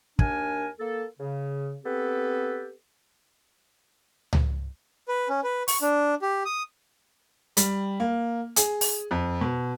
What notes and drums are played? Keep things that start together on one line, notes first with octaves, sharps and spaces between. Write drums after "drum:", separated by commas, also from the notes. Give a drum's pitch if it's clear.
D#2 D4 A#4 G#5, drum: kick
A#3 A4
C#3
B3 C4 G4 A4 B4
drum: tom C#2
B4
C#4
B4
C#6, drum: open hi-hat
D4
G4
D#6
G3, drum: hi-hat
A#3
G#4, drum: hi-hat
drum: open hi-hat
F2
B2